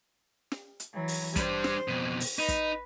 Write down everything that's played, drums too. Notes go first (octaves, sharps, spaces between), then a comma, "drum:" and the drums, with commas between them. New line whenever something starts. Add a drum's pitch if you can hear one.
drum: snare
drum: hi-hat
E3 F#3
drum: open hi-hat
G3 D4 C5, drum: kick, hi-hat
drum: snare
F2 B2
drum: open hi-hat
D#4 B4
drum: kick, hi-hat